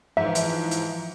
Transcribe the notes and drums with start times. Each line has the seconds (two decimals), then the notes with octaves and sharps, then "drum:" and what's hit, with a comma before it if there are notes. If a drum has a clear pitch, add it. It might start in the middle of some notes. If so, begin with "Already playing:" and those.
0.17 G#2 E3 F3 E5
0.35 drum: hi-hat
0.71 drum: hi-hat